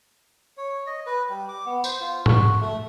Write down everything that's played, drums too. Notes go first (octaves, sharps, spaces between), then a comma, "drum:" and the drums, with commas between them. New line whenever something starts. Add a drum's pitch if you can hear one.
C#5
D#5
B4
G3
D6
B3
C5, drum: tambourine
F4
F#4, drum: tom G#2
A3